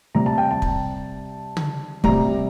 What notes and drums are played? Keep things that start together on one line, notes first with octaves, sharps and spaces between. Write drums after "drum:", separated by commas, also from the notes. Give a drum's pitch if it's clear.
C3 G3 A#5
A5
G5
A5
drum: kick
drum: tom
C3 G3 A#5, drum: kick